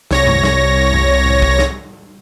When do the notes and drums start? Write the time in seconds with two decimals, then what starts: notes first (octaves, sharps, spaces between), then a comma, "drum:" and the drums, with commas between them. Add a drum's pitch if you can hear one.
0.11 C2 C#5 A#6, drum: snare
0.27 drum: tom F#2
0.44 drum: snare
0.93 drum: tom F#2
1.26 drum: tom A2
1.42 drum: kick
1.59 drum: snare